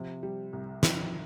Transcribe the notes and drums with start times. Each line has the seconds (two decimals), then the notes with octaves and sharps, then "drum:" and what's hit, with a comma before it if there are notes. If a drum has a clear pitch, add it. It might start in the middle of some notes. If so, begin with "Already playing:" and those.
Already playing: C3 F3
0.23 G3
0.53 C2
0.83 D#3 F3, drum: snare